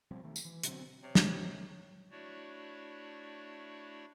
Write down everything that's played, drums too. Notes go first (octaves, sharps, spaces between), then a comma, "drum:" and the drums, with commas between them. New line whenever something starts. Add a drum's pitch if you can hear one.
B2 F3 G3 C4
D#3 A3
drum: tambourine
E3
B2 D3 F#3 C4, drum: hi-hat
C3 C#5
drum: snare
A3 D4 E4 F#4 C#5 D5